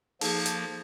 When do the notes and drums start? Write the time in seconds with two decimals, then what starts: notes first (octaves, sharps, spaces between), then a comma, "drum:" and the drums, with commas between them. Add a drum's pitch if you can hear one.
0.21 F3 A#3 D#4 G#4 A4, drum: open hi-hat
0.46 drum: hi-hat